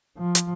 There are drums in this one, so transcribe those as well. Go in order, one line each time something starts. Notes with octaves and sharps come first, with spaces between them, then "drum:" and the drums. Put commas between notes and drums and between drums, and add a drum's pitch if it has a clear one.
F3
drum: hi-hat